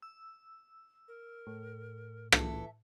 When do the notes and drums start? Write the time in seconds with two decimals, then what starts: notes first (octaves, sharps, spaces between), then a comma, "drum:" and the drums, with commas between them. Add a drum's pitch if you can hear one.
0.02 E6
1.08 A#4
1.47 A2
2.32 E3 A4 E5, drum: rim click